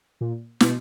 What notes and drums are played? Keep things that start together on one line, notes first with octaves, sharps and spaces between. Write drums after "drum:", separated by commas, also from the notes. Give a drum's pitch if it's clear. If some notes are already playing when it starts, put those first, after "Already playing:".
A#2
B2, drum: snare